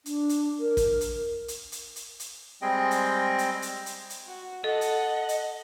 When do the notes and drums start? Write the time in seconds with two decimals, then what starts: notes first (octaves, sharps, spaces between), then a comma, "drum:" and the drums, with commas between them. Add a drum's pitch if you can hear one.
0.06 D4, drum: hi-hat
0.29 drum: hi-hat
0.60 A#4
0.77 drum: kick, hi-hat
1.01 drum: hi-hat
1.48 drum: hi-hat
1.72 drum: hi-hat
1.96 drum: hi-hat
2.20 drum: hi-hat
2.62 G3 G#3 C4 G#4 D#5 G5
2.91 drum: hi-hat
3.38 drum: hi-hat
3.62 drum: hi-hat
3.86 drum: hi-hat
4.10 drum: hi-hat
4.27 F#4
4.64 A4 D#5 F#5 A5
4.81 drum: hi-hat
5.29 drum: hi-hat